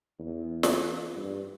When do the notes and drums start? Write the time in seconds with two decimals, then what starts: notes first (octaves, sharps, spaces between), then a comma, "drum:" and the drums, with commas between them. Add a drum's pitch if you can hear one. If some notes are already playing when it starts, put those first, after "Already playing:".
0.19 E2
0.63 drum: snare
1.16 G2